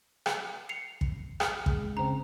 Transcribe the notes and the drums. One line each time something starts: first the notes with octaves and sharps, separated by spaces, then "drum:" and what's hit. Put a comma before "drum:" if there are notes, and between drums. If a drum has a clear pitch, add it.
drum: rim click
C7 C#7 F7
drum: kick
D#6 F6, drum: rim click
G#3, drum: kick
C#3 C4 A#5